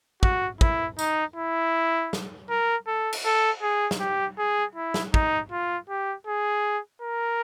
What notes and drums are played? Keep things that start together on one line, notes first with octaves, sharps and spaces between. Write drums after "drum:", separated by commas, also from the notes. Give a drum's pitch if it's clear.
F#4, drum: kick
E4, drum: kick
D#4, drum: tambourine
E4
drum: snare
A#4
A4
drum: cymbal
A4
G#4
drum: snare
G4
G#4
E4
drum: snare
D#4, drum: kick
F4
G4
G#4
A#4